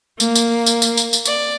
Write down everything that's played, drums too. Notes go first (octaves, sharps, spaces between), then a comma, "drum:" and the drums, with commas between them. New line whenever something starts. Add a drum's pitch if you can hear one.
A#3, drum: tambourine
drum: tambourine
drum: tambourine
drum: tambourine
drum: tambourine
drum: tambourine
D5, drum: tambourine